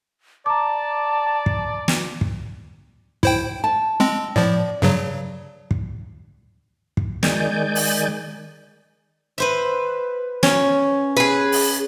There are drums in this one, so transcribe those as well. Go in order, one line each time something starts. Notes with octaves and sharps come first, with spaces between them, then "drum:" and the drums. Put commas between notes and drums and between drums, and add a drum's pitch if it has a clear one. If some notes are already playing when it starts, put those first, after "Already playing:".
D5 A5 A#5 D6
drum: kick
drum: snare
drum: kick
E4 C5 G5, drum: kick
A5
G#3 C4
A2 F3 D5
G2 C#3 F#3
drum: kick
drum: kick
D#3 G#3 D5 G#5 G6, drum: snare
drum: open hi-hat
B4 C5 E5
C#4, drum: snare
G#4 B4
drum: open hi-hat